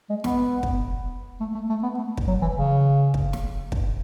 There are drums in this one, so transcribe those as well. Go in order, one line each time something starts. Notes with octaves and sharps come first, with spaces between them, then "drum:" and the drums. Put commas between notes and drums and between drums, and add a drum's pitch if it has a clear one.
G#3
B3, drum: snare
drum: kick
A3
A3
A3
B3
A3
drum: kick
F#3
E3
C#3
drum: kick
drum: snare
drum: kick